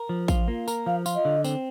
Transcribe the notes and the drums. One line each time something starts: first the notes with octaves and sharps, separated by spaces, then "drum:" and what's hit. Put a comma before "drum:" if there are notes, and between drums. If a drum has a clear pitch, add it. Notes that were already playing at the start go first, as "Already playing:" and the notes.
Already playing: A#4
F3
F4, drum: kick A1, tambourine
A#3
A#4, drum: tambourine
F3 F5
F4, drum: tambourine
D#5
D3
C4, drum: tambourine